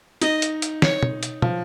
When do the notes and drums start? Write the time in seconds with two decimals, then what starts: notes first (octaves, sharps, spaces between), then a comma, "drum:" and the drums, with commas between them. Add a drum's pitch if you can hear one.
0.22 D#4 D#5, drum: hi-hat
0.42 drum: hi-hat
0.62 drum: hi-hat
0.82 C#5, drum: snare
1.03 drum: tom
1.23 drum: hi-hat
1.42 F3, drum: tom